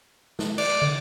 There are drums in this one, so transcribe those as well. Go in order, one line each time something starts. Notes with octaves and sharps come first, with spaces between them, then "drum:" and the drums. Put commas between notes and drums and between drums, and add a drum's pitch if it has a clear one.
drum: snare
D5, drum: cymbal
D3